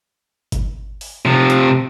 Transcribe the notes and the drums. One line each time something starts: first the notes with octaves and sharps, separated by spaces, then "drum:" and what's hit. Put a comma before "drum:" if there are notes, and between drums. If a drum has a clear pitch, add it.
drum: kick G1, hi-hat
drum: open hi-hat
C3 F3
drum: hi-hat